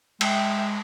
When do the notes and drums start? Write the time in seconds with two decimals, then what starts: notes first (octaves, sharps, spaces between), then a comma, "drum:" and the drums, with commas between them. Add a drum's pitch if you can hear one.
0.21 G#3 E5 G5, drum: cymbal